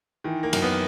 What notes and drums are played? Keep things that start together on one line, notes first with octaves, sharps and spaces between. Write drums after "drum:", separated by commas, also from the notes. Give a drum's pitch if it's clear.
D#3 E3
A#3
F#2, drum: cymbal
B3